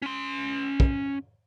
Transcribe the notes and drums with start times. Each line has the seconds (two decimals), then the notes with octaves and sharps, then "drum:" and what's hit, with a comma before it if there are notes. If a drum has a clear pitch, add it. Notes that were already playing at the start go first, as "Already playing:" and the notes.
0.02 C#4 C6
0.80 drum: kick